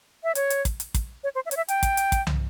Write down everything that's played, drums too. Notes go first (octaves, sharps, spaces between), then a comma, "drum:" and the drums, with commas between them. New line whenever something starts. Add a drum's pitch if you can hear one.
E5
C#5, drum: hi-hat
drum: hi-hat
drum: kick, hi-hat
drum: hi-hat
drum: kick, hi-hat
C#5
C5
E5
C#5, drum: hi-hat
E5
G5, drum: hi-hat
drum: kick, hi-hat
drum: hi-hat
drum: kick, hi-hat
drum: tom C2